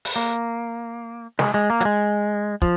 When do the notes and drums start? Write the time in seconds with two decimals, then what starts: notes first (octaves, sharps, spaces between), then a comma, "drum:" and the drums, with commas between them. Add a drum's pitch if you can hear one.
0.05 drum: open hi-hat
0.16 A#3
1.39 G#3, drum: snare
1.54 G#3
1.70 A#3
1.81 F#3, drum: hi-hat
1.85 G#3
2.62 F3, drum: kick